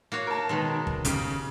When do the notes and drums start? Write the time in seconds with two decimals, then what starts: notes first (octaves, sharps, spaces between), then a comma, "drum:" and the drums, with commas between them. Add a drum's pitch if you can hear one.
0.12 A#3 F#4 C#5
0.27 A#4 A5
0.49 B2 D#3 G#3
0.87 drum: kick
1.05 C#3 G4, drum: kick, hi-hat